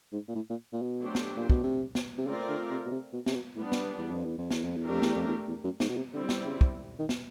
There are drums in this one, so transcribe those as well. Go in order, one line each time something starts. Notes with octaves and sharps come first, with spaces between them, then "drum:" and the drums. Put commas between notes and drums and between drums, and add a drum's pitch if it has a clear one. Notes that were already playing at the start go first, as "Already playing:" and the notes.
G#2
A#2
A2
A#2
A#2
B2
F#3 A3 D4 G4 C5
drum: snare
A#2
B2, drum: kick
C3
drum: snare
C3
C#3 A3 C4 F4 A#4 D5
D3
C3
B2
C3
B2
C3, drum: snare
B2
A2 G3 B3 D4
drum: snare
E2
F2
E2
F2
E2, drum: snare
F2
E2
A3 D4 G4 A#4
F2
E2, drum: snare
F2
E2
E2
F#2
G#2, drum: snare
B2
C3
D3 G3 C4 E4
drum: snare
C#3
drum: kick
D#3
drum: snare